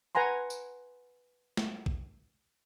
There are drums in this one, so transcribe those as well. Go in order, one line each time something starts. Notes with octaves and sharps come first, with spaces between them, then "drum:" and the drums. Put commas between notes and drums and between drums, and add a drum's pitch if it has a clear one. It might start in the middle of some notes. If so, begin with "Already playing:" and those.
B4 F#5 G#5 A#5 C6
drum: tambourine
drum: snare
drum: kick